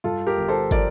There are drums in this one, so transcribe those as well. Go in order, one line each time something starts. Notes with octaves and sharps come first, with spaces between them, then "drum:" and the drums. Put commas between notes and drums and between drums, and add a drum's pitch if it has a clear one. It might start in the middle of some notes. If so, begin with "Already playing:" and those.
G2 F4 A4
G4 A#4
G1
A4 C5
F3 A#4 D5, drum: kick